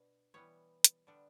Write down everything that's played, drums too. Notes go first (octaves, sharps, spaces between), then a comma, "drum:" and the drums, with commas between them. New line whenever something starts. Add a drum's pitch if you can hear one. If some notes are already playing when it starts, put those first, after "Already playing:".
Already playing: B2 D4
E3 G3 B3 C#5
drum: hi-hat
D3 G3 B3 D4